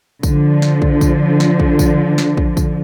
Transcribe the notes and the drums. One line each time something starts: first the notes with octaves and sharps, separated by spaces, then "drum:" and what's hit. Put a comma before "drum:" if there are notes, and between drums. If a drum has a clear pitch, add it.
D3 F3, drum: kick, tambourine
drum: snare
drum: kick
drum: kick, tambourine
drum: snare
drum: kick
drum: kick, tambourine
drum: snare
drum: kick
drum: kick, tambourine